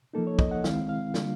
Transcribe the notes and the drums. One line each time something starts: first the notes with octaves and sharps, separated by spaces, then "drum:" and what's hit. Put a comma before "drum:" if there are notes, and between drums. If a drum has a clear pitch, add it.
F3 A#3 D#4 A4
C#5
D#5, drum: kick
F#5
D#3 G#3 C4 E4 F5, drum: snare
F5
D3 G3 A#3 D4 F4, drum: snare